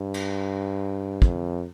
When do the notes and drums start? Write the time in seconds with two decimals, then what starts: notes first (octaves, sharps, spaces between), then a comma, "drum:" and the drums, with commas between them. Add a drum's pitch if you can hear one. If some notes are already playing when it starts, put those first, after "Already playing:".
Already playing: G2
0.14 drum: cymbal
1.22 F2, drum: kick